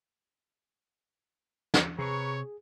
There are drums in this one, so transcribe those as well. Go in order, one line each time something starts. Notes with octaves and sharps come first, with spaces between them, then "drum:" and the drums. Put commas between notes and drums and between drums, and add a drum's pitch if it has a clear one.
drum: snare
C3 G#4 B4 C#5 A#5 C#6